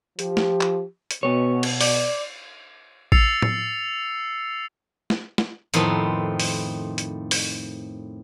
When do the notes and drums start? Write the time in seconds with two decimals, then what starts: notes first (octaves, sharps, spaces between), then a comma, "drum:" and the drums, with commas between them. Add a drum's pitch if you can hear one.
0.19 F3 G4, drum: hi-hat
0.37 drum: snare
0.61 drum: clap
1.11 drum: hi-hat
1.23 B2 B3 C#5
1.63 drum: cymbal
1.81 D5, drum: open hi-hat
3.12 E6 A6 C7 C#7 F7, drum: kick A1
3.42 drum: tom A2
5.10 drum: snare
5.38 drum: snare
5.74 F2 A2 D#3 B3 C4 D#4, drum: hi-hat
6.40 drum: open hi-hat
6.98 drum: hi-hat
7.31 drum: open hi-hat